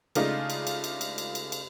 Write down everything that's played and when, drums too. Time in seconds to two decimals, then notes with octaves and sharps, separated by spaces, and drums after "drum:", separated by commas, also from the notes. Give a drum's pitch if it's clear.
0.15 C#3 G#3 A3 D4 D#4 F4, drum: cymbal
0.50 drum: cymbal
0.67 drum: cymbal
0.84 drum: cymbal
1.01 drum: cymbal
1.18 drum: cymbal
1.35 drum: cymbal
1.52 drum: cymbal